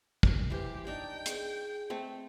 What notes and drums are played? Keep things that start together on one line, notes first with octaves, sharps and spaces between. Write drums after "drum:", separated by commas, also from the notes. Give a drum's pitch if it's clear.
drum: kick
E3 G4 C5
D4 D#4 G5
G#4, drum: hi-hat
A3 C4